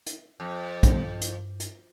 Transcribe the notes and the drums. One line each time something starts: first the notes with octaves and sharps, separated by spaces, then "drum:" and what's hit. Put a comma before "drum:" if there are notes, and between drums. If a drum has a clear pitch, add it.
drum: hi-hat
F2
D#3 G3 B3, drum: kick, hi-hat
G2
drum: hi-hat
drum: hi-hat